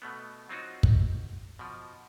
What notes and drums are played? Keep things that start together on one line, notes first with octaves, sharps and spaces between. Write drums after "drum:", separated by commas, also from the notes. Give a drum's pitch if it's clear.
B2 A3 B3
F#3 C4 D#4 F4 F#4
drum: kick
B2 F3